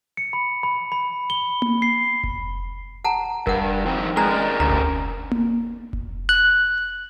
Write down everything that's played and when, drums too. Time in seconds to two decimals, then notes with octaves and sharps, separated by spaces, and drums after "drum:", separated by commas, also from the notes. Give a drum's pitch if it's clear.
0.17 C#7
0.33 B5
0.63 B5
0.92 B5
1.30 G7
1.62 drum: tom A#3
1.82 C7
2.24 drum: kick F1
3.05 F#5 A5 A#5
3.47 G2 A#4 F#5, drum: kick F1
3.86 F3 C4 D#4
4.17 G#3 A#4 B4 D5 G#5 A#5
4.30 C#4 A#4 D5
4.60 D2 A#5
4.70 drum: kick F1
5.31 drum: tom A#3
5.93 drum: kick F1
6.29 F#6